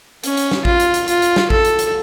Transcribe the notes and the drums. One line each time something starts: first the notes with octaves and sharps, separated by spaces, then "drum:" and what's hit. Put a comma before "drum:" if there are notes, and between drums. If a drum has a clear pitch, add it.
C#4, drum: hi-hat
drum: hi-hat
drum: snare
F4, drum: kick A1
drum: hi-hat
drum: hi-hat
F4, drum: hi-hat
drum: hi-hat
drum: snare
A4, drum: kick A1
drum: hi-hat
drum: hi-hat